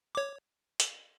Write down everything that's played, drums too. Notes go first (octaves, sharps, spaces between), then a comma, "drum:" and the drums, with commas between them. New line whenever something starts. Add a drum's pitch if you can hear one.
C#5 D6
drum: hi-hat